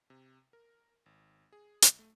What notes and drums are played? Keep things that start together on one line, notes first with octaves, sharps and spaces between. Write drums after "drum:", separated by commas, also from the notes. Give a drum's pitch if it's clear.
C3
A#4
G#1
G#4
B1, drum: hi-hat
A3